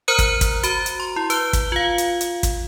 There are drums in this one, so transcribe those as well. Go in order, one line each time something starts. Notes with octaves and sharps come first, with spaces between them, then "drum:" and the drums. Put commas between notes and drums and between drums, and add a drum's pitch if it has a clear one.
A#4 C5 A#5 F6 F#6
drum: kick, hi-hat
drum: kick, hi-hat
F#4 A#5, drum: hi-hat
drum: hi-hat
C6
E4
B4 F#6 G7, drum: hi-hat
drum: kick, hi-hat
F4 F5
drum: hi-hat
drum: hi-hat
drum: kick, hi-hat